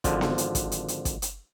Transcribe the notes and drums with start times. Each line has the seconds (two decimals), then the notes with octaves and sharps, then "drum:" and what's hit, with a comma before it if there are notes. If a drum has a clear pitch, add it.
0.04 G#1 D3 F3, drum: kick, hi-hat
0.21 drum: snare B3
0.38 drum: hi-hat
0.55 drum: kick, hi-hat
0.72 drum: hi-hat
0.88 drum: hi-hat
1.05 drum: kick, hi-hat
1.22 drum: hi-hat